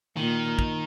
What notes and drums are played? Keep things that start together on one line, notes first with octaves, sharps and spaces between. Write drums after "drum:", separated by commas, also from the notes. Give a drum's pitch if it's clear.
A#2 D#3
drum: kick